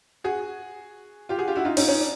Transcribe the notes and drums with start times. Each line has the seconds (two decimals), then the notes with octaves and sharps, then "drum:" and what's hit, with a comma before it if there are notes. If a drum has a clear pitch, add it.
0.24 F#4 G#4
1.29 F4 G4
1.38 F#4 G#4
1.47 F4 G4
1.56 E4 F#4
1.65 D#4 F4
1.77 C#4 D#4, drum: open hi-hat
1.88 C#4 D#4
2.00 D4